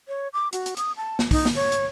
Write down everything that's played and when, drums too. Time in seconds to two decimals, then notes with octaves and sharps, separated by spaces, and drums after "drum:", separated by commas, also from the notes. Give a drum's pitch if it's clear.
0.08 C#5
0.33 D6
0.53 F#4, drum: hi-hat
0.66 drum: hi-hat
0.77 D#6, drum: hi-hat
0.97 A5
1.19 drum: snare
1.31 D#4, drum: kick, open hi-hat
1.45 drum: snare
1.55 C#5
1.72 drum: hi-hat